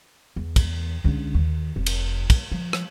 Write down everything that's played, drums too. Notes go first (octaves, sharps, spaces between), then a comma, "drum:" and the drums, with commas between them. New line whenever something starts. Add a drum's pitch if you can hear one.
E2
drum: kick, cymbal
C#2 D3
D#2
F1
drum: cymbal
drum: kick, cymbal
F3
drum: rim click